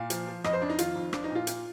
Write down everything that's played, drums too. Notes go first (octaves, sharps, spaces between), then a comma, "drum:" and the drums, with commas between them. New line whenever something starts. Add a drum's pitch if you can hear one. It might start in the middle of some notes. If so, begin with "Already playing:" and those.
Already playing: A#2 F5
F3, drum: hi-hat
F3
F2 D#5, drum: rim click
C5
F2 D4
D#4
D#3 F4, drum: hi-hat
F2
F3 D4, drum: rim click
D#4
A#2
F4
A#2, drum: hi-hat